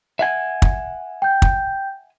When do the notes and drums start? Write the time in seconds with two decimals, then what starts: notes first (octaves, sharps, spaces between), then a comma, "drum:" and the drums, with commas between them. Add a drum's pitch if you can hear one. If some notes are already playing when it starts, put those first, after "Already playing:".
0.19 E5 F#5 G#5
0.62 drum: kick
1.22 G5 G6
1.42 drum: kick